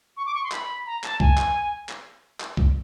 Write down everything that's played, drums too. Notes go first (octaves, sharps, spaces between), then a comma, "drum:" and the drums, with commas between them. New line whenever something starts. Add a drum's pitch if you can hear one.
C#6
D6
C#6
C6
B5, drum: clap
A#5
A5, drum: clap
G#5, drum: kick C2
drum: clap
drum: clap
drum: clap
drum: kick C2